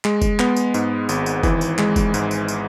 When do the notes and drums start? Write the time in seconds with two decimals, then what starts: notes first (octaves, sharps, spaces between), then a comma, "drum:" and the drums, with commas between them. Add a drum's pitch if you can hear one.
0.05 G#3, drum: clap
0.22 drum: kick F1, tambourine
0.40 B3, drum: clap
0.56 drum: tambourine
0.74 G#2, drum: tambourine
1.09 G#1, drum: tambourine
1.26 drum: tambourine
1.43 E3, drum: kick F1, tambourine
1.61 drum: tambourine
1.79 G#3, drum: clap
1.96 drum: kick F1, tambourine
2.14 G#2, drum: tambourine
2.31 drum: tambourine
2.48 drum: tambourine